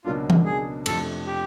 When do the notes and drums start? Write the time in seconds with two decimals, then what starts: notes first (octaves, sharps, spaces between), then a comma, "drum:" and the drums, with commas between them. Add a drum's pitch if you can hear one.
0.05 C#2 B2 F#3 A#3 D4 F4
0.30 drum: tom E3
0.45 G#4
0.86 F2 C3 F3 A3 D4 A4, drum: cymbal
1.27 G4